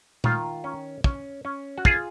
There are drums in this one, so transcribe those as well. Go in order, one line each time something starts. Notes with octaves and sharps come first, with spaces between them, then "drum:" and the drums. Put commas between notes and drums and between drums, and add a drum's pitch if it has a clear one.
D#3 F4, drum: tom A#2
C#4
C#4, drum: kick
C#4
F#4
F4 G#4, drum: kick